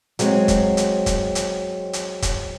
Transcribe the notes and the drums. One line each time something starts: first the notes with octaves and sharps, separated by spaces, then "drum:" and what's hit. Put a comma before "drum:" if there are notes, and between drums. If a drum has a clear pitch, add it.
F#3 G#3 C4, drum: hi-hat
drum: kick, hi-hat
drum: hi-hat
drum: kick, hi-hat
drum: hi-hat
drum: hi-hat
drum: kick, hi-hat